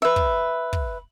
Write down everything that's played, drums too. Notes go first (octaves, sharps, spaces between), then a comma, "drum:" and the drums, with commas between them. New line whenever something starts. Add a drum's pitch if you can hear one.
B4 E5
drum: kick
drum: kick